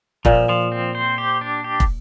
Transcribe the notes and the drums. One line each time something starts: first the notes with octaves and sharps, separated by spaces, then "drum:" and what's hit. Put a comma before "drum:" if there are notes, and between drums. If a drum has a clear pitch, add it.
A#2 F3, drum: kick
F3
C4
C5
G4
D4
G4
drum: kick